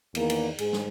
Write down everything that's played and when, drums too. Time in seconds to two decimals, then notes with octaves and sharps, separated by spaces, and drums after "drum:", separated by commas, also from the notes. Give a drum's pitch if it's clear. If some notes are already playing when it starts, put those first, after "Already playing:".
0.15 E2 D#3 A#3, drum: cymbal
0.30 drum: cymbal
0.58 G#2 G#4, drum: cymbal
0.73 drum: snare